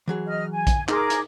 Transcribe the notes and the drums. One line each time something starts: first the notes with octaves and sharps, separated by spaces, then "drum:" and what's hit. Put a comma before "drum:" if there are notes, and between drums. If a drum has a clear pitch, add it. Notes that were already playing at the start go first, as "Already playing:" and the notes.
E3 F#3 G#4
D#5 F6
G#5
drum: kick A#1, hi-hat
D#4 G#4 A#4 C6 D6, drum: clap
drum: hi-hat